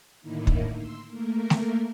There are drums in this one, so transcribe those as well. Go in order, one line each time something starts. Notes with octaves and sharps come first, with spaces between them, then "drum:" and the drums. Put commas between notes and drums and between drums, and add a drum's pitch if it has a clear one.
A2 D3 D#3 A#3 D#4 E4
drum: kick
C6 E6
A3 A#3 A#4
drum: snare A3